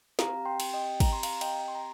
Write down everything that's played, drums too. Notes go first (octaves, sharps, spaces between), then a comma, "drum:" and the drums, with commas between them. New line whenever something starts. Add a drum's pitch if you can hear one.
C4 G4 F5 A#5, drum: snare
G5 C6
drum: cymbal
D#5 G5
A#5, drum: kick, cymbal
C6
F5 A#5, drum: cymbal
D#5 G5, drum: cymbal
C6
A#5